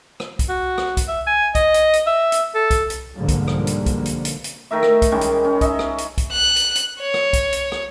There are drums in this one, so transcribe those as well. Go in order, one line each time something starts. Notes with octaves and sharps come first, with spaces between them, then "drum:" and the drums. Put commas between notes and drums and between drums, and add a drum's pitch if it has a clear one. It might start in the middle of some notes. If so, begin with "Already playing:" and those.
drum: rim click
drum: kick C2, hi-hat
F#4
drum: rim click
drum: kick C2, hi-hat
E5
G#5
D#5, drum: kick C2, hi-hat
drum: hi-hat
drum: hi-hat
E5
drum: hi-hat
A4
drum: kick C2, hi-hat
drum: hi-hat
G#2 B2 D3 F3 G3 A#3
drum: kick C2, hi-hat
drum: rim click
drum: hi-hat
drum: kick C2, hi-hat
drum: hi-hat
drum: hi-hat
drum: hi-hat
D#3 A3 A#4 E5
drum: rim click
drum: kick C2, hi-hat
D#3 G3 G#3 C#4
drum: hi-hat
C#4
D#5 E5, drum: kick C2, hi-hat
drum: rim click
drum: hi-hat
drum: kick C2, hi-hat
F#6
drum: hi-hat
drum: hi-hat
C#5
drum: rim click
drum: kick C2, hi-hat
drum: hi-hat
drum: rim click